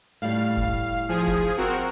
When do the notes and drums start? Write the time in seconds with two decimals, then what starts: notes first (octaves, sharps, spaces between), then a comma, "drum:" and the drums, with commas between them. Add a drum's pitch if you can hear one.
0.22 A2 G3 F5
0.57 drum: kick F1
1.09 F3 G#4
1.27 drum: kick F1
1.57 C4 F#4 A#4